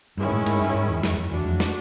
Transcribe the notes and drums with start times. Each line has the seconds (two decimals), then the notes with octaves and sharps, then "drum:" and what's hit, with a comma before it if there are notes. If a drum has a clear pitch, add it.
0.17 G2 D#3 G#3 C#4 E4
0.32 A2
0.46 G#2, drum: cymbal
0.61 G2
0.75 G#2
0.89 E2
1.03 F2, drum: snare
1.18 F2
1.31 E2 A3 D4 F#4
1.46 F2
1.60 drum: snare